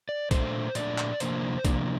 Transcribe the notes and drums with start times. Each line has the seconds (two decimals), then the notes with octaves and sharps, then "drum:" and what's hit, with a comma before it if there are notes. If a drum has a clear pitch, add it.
0.09 D5
0.31 A#2 A3 D4 C5, drum: kick B1, hi-hat
0.75 A#2 A3 D4 D5, drum: hi-hat
0.98 drum: clap
1.20 C3 F3 A#3 D4 C5, drum: hi-hat
1.65 C3 F3 A#3 D4, drum: kick B1, hi-hat